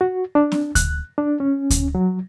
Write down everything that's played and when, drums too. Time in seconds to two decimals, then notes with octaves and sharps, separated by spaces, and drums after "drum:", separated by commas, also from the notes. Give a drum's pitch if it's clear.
0.01 F#4
0.35 D4
0.52 drum: snare C4
0.75 F#6, drum: kick D2, hi-hat
1.18 D4
1.40 C#4
1.70 drum: kick D2, hi-hat
1.95 F#3